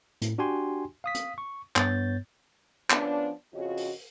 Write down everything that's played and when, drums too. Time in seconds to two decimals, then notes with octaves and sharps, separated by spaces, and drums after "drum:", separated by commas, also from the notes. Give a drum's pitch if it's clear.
0.22 A2, drum: hi-hat
0.38 D4 F#4 G4 G5 G#5 C6
1.04 F5 D#6 B6
1.15 drum: hi-hat
1.38 C#6
1.76 G2 B3 C#5 G6 A6, drum: clap
2.90 F3 B3 C#4 D4, drum: clap
3.53 F2 C#3 F4 F#4 C#5 D#5
3.77 drum: open hi-hat